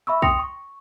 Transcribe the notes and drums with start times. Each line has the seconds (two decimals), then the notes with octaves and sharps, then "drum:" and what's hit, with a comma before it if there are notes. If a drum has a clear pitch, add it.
0.07 E5 B5 C#6 E6
0.22 G5 C6 D#6 A#6 C#7 F7, drum: kick
0.39 C#6